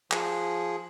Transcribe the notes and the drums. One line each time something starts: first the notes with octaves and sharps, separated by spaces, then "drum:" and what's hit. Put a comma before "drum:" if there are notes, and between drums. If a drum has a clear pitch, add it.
F3 G#4, drum: clap